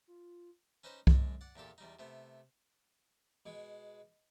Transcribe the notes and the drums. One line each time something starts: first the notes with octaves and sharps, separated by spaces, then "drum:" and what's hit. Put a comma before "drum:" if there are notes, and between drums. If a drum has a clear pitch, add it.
F4
C#4 D#4 B4 C5 D#5
F#2 G#3 D4, drum: kick C2
D5 F#5
E2 A#2 G4 A4
E2 G3 D#4
C3 A3 B3
B2 G#3